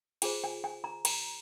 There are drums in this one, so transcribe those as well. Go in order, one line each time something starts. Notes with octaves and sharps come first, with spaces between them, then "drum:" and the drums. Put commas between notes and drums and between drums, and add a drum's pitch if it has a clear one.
F4 G#4 C5 G#5, drum: cymbal
G#5
G#5
A#5
A#5, drum: cymbal